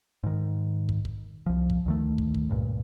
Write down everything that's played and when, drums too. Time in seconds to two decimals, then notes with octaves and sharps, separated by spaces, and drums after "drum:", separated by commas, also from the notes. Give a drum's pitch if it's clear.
0.23 G#2 D#3
0.89 drum: kick
1.05 drum: kick
1.46 C2 F3
1.70 drum: kick
1.86 D2 D#3 A3
2.18 drum: kick
2.34 drum: kick
2.49 C#2 G2 A#2